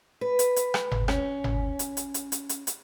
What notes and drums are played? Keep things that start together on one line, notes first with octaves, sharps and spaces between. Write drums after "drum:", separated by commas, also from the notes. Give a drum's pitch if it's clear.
B4
drum: hi-hat
drum: hi-hat
drum: rim click
drum: tom G1
C#4, drum: rim click
drum: tom G1
drum: hi-hat
drum: hi-hat
drum: hi-hat
drum: hi-hat
drum: hi-hat
drum: hi-hat